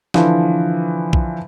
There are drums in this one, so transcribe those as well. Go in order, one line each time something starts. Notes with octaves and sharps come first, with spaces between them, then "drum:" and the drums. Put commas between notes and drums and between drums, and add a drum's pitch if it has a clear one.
D3 E3 F3, drum: snare
drum: kick B1